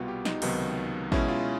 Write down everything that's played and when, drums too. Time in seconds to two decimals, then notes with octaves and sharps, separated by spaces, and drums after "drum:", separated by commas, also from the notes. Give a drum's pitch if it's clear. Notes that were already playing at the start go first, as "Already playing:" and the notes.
Already playing: C2 B2 G3 B3 F4 F#4
0.08 G4
0.25 D#4, drum: snare
0.42 C#2 C3 D#3 F#3 B3, drum: open hi-hat
1.12 B2 G#3 C#4 E4, drum: kick A1
1.28 F4